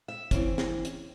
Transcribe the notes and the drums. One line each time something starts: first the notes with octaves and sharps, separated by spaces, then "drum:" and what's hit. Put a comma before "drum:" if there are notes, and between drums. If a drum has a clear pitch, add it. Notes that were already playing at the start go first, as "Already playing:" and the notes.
E5
E3 C4 C#4, drum: kick, hi-hat
drum: snare
drum: hi-hat